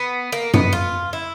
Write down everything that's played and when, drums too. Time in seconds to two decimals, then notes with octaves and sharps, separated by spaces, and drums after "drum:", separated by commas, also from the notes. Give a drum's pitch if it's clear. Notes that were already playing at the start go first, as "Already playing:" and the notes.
Already playing: B3
0.32 A#3
0.54 B3, drum: tom F#2
0.73 F4
1.13 E4